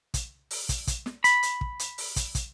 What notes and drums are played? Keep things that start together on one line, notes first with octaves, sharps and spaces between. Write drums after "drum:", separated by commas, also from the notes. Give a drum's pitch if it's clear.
drum: kick, hi-hat
drum: open hi-hat
drum: kick, hi-hat
drum: kick, hi-hat
drum: snare
B5, drum: hi-hat
drum: hi-hat
drum: kick
drum: hi-hat
drum: open hi-hat
drum: kick, hi-hat
drum: kick, hi-hat